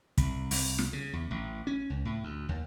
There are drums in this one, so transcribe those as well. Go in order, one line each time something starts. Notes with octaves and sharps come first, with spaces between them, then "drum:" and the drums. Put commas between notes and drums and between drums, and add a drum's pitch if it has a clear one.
C2, drum: kick, hi-hat
C2, drum: open hi-hat
drum: snare
C#3
E2
A1
C#4
C#2
A2
D2
D#2